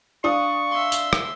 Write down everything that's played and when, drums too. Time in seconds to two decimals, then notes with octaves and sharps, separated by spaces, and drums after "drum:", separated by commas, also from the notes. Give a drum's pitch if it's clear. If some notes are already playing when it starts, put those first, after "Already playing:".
0.24 D4 F5 C#6 D#6
0.71 E5 C6
0.92 drum: tambourine
1.13 drum: rim click